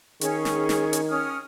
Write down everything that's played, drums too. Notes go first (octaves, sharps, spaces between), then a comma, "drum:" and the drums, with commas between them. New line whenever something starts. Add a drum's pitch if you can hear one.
D#3 C#4 G#4 C#6, drum: hi-hat
drum: snare
drum: snare
drum: hi-hat
C#4 D#6 F6